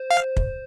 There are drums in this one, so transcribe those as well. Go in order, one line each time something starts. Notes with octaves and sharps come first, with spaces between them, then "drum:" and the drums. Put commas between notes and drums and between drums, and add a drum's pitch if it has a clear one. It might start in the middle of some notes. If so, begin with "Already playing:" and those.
Already playing: C5
F5
drum: kick